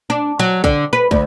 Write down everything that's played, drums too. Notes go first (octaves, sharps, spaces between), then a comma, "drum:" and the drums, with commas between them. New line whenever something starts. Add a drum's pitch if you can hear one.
D4
F#3
D3, drum: kick
B4
D2, drum: kick